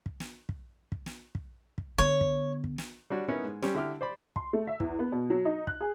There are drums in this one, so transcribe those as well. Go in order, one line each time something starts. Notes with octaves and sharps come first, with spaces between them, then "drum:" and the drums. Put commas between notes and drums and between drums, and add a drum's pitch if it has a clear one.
drum: kick
drum: snare
drum: kick
drum: kick
drum: snare
drum: kick
drum: kick
D3 B3 C#5
drum: kick
drum: kick
drum: snare
G3 D4 F#4 C#5
B3 C#4 D#4 E4 A#4 B4
G#2
G3 C4 C#4 G4, drum: snare
D3 E4 G4 F6
C5 D5 B5
C6, drum: kick
A3
E5
E2, drum: kick
B3
B2
F#3
D#4
F#6, drum: kick
G#4